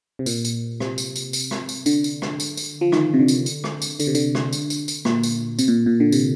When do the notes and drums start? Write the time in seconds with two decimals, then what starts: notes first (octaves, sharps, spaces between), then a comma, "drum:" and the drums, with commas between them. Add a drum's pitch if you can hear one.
0.19 C3
0.26 A#2, drum: tambourine
0.45 drum: tambourine
0.80 C3, drum: rim click
0.98 drum: tambourine
1.16 drum: tambourine
1.33 drum: tambourine
1.51 drum: rim click
1.69 drum: tambourine
1.86 D3, drum: tambourine
2.04 drum: tambourine
2.22 drum: rim click
2.40 drum: tambourine
2.57 drum: tambourine
2.81 F3
2.92 D#3, drum: rim click
3.14 C3
3.19 D3
3.28 drum: tambourine
3.46 drum: tambourine
3.64 drum: rim click
3.82 drum: tambourine
4.00 D3, drum: tambourine
4.07 C3
4.15 D3, drum: tambourine
4.35 drum: rim click
4.53 drum: tambourine
4.70 drum: tambourine
4.88 drum: tambourine
5.05 A#2, drum: rim click
5.23 drum: tambourine
5.59 C3, drum: tambourine
5.68 A#2
5.86 A#2
6.00 D3
6.12 C3, drum: tambourine